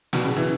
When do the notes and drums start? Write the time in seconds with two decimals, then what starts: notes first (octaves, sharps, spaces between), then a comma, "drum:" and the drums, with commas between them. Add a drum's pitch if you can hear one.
0.13 B2, drum: snare
0.25 C#3
0.37 E3